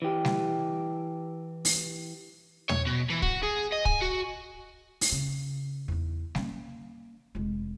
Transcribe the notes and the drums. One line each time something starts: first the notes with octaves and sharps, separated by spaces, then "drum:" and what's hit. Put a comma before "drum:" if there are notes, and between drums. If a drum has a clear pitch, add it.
E3 G4
drum: snare G3
drum: open hi-hat
C#5, drum: tom
B2
E3
F#4, drum: kick
G#4
D#5
G#5, drum: kick
F#4
drum: open hi-hat
C#3
E2 D#4
A#3 C#4, drum: snare G3
F1 G#3